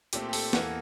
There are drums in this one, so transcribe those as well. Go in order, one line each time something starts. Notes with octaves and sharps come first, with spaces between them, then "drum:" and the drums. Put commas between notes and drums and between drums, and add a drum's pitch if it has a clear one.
A#2 A3 C4 G4, drum: hi-hat
G4
A4, drum: open hi-hat
E2 E3 A#3, drum: snare